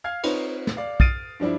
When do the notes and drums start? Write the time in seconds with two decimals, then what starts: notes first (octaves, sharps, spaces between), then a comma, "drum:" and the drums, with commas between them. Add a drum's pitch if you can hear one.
0.04 F5 F6 G#6 C7
0.23 C4 D#4 F4 B4 C#5, drum: cymbal
0.67 drum: snare
0.77 D5 F5
1.00 D#6 F6 A6 C7 D7 D#7, drum: kick
1.40 G2 F3 D4 E4